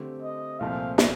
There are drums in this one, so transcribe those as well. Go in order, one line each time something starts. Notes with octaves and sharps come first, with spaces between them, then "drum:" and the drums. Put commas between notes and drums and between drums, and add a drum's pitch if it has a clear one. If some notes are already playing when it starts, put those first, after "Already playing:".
Already playing: D3 A3 C4 G4
D#5
C2 A#2 F3 A3 C4 F5
drum: snare